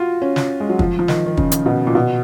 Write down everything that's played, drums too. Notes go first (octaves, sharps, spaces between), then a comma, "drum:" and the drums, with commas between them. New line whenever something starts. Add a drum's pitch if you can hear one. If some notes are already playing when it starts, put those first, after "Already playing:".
Already playing: F4 F#4
C#4
drum: snare
G#3
F#3
F3, drum: kick
F3
D#3, drum: snare
D#3
C#3, drum: kick
drum: hi-hat
B2
A#2
B2